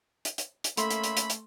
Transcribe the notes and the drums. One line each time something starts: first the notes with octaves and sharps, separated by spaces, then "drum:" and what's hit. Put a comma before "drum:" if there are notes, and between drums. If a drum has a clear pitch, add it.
drum: hi-hat
drum: hi-hat
drum: hi-hat
A3 A#3 C#4 A4 E5 B5 C6, drum: hi-hat
drum: hi-hat
drum: hi-hat
drum: hi-hat
drum: hi-hat